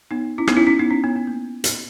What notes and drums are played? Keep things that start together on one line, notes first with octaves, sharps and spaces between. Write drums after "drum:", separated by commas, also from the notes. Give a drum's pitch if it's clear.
B3 D#4
C#4 E4
B3 D#4, drum: rim click
C#4 E4
C#4 E4
B3 D#4
C#4
B3
B3
A#3
drum: hi-hat